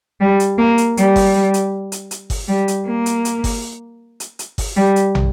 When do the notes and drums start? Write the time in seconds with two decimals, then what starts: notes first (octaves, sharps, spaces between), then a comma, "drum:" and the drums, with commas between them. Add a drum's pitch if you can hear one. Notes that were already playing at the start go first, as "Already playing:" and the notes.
0.20 G3
0.40 drum: hi-hat
0.58 A#3
0.78 drum: hi-hat
0.97 G3, drum: hi-hat
1.16 drum: kick G1, open hi-hat
1.54 drum: hi-hat
1.92 drum: hi-hat
2.11 drum: hi-hat
2.30 drum: kick G1, open hi-hat
2.48 G3
2.68 drum: hi-hat
2.87 A#3
3.06 drum: hi-hat
3.25 drum: hi-hat
3.44 drum: kick G1, open hi-hat
4.20 drum: hi-hat
4.39 drum: hi-hat
4.58 drum: kick G1, open hi-hat
4.76 G3
4.96 drum: hi-hat
5.15 drum: tom